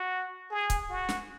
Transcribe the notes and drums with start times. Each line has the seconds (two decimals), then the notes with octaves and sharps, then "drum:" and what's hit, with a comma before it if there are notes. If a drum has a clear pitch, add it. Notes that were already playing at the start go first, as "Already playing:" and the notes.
Already playing: F#4
0.51 G#4
0.70 drum: kick C#1, hi-hat
0.90 F#4
1.09 drum: snare